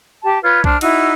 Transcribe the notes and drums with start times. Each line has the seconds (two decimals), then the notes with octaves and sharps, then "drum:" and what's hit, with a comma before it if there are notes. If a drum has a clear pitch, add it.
0.23 G4 A5
0.43 F4 B4 C#5
0.64 D4 C5 F6, drum: kick B1
0.81 D#4 E4 F#4 E6, drum: cymbal